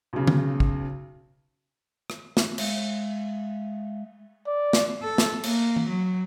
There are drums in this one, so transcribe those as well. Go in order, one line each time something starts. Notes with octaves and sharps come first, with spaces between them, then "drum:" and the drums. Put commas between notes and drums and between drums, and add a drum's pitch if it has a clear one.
B1 C#3
drum: tom D3
drum: kick
drum: rim click
drum: snare
G#3 E5 F5, drum: cymbal
D5
drum: snare
A4
drum: snare
A#3, drum: cymbal
drum: tom E3
F#3